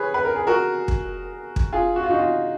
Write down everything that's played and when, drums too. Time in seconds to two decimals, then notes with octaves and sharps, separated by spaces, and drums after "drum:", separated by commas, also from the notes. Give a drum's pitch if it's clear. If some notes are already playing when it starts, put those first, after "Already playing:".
Already playing: G#4 B4 C#5
0.14 B4
0.25 A#4
0.36 G#4
0.47 F#4 A#4
0.88 drum: kick
1.56 drum: kick
1.73 F4 G#4
1.96 F#4
2.03 F4
2.10 D#4 F#4
2.19 F4